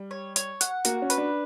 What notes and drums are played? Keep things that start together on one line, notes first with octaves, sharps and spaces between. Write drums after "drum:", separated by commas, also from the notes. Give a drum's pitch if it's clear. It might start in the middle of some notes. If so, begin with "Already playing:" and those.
Already playing: G3
C#5
C#5, drum: hi-hat
F#5, drum: hi-hat
A#3 F#4, drum: hi-hat
C#4
B4, drum: hi-hat
D4